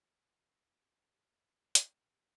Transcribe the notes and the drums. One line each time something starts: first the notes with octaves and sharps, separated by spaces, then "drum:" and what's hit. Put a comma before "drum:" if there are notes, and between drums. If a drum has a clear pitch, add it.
G#4
G4, drum: hi-hat